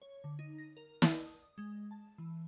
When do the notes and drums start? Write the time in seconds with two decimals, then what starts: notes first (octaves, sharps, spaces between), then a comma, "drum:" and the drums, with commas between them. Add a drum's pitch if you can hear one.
0.02 C#5
0.24 D3
0.39 D#4
0.58 A#6
0.77 A#4
1.02 D5, drum: snare
1.26 D#6
1.58 G#3
1.91 A5
2.18 E3